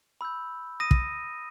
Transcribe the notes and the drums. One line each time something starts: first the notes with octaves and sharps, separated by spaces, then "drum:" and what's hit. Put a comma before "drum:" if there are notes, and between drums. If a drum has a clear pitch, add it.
B5 E6 G6
D#6 A#6 D#7
drum: kick